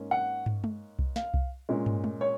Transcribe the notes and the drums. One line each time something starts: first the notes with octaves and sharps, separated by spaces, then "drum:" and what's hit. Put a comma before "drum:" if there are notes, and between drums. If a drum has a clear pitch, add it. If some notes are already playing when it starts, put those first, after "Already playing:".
Already playing: G#2 A#3 C#4
F#5
drum: tom
drum: tom G#3
drum: kick C2
F5, drum: snare
drum: kick C2
A#2 G#3 C#4
drum: tom
drum: tom G#3
C#5